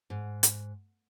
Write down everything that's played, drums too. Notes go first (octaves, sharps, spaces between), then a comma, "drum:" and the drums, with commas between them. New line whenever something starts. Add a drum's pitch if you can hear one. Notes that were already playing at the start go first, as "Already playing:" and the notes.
G#2
drum: hi-hat